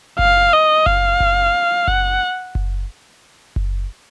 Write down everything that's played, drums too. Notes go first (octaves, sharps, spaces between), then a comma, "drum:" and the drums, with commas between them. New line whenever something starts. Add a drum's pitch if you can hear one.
F5, drum: kick F#1
D#5
F5, drum: kick F#1
drum: kick F#1
F#5, drum: kick F#1
drum: kick F#1
drum: kick F#1